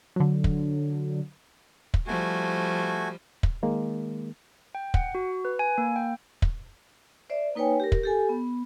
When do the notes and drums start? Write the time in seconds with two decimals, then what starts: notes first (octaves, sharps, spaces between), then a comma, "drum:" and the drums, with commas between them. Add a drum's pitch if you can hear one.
0.16 D3 F#3
0.44 drum: kick
1.94 drum: kick
2.07 F3 G3 A3 F#4 G#5
3.43 drum: kick
3.63 D#3 G#3 A#3
4.75 G5
4.94 F#5, drum: kick
5.15 F#4
5.45 B4
5.59 G#5
5.78 A#3
5.96 G5
6.42 drum: kick
7.30 C5 D5 E5
7.55 A#3 D#4 B4 C#5 G5 G#5
7.80 G4 A#4
7.92 drum: kick
8.03 G4 A4 G#5
8.29 B3